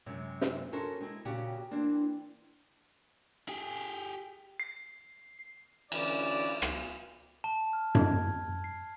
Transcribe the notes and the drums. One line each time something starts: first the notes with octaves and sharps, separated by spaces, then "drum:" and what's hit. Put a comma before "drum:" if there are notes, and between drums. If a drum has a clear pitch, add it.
F#2 C3 G#3
drum: snare
C#4 F#4 A4 A#4 C5
G#3 C4 E4
A#2 C#3 C#4 F#4 G4
E3 A#3 C4 D4
G4 G#4
C7
D2 E3 C#4 E4 D5, drum: cymbal
drum: rim click
A5
F6
G#6, drum: tom F#2
C7